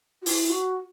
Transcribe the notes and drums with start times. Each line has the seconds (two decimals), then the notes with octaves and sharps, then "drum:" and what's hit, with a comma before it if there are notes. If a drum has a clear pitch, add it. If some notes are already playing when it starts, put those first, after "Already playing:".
0.22 F#4
0.26 E4, drum: open hi-hat
0.50 F#4